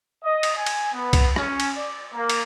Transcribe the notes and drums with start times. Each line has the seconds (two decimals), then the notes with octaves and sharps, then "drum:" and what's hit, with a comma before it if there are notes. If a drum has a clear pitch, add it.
0.23 D#5
0.43 drum: cymbal
0.57 G#5
0.66 drum: cymbal
0.93 B3
1.13 drum: kick C2, cymbal
1.36 C#4, drum: rim click
1.60 drum: cymbal
1.75 D5
2.13 A#3
2.30 drum: cymbal